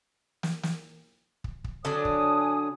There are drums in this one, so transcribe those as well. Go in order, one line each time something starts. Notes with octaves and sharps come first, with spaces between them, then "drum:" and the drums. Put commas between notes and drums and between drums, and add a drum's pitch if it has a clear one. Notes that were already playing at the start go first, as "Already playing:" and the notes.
drum: snare
drum: snare
drum: kick
drum: kick
D3 F#3 D4 C#5 G#5 D#6
drum: kick